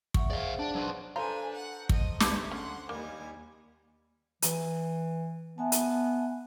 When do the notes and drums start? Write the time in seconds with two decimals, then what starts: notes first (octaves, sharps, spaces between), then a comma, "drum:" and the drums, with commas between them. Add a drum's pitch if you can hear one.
0.14 E5 F#5 C#6, drum: kick
0.30 G#4 C5 D5 F5 F#5
0.59 D4 D5 A5
0.75 F#3 B4 C5 F#5 C6
1.16 D4 F4 A4 B4 C5 G#5 A#5
1.53 F#5
1.89 D#5, drum: kick
2.20 D2 G#3 G4 B4 E5 A5, drum: snare
2.51 C#4 F#5 C6
2.89 D#2 G3 A#3 G#5
4.42 E3, drum: hi-hat
5.58 B3 E5 G#5 A5
5.72 drum: hi-hat